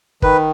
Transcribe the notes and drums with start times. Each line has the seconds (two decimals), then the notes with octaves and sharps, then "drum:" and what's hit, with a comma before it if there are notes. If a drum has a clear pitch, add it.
0.22 D#3 B4, drum: kick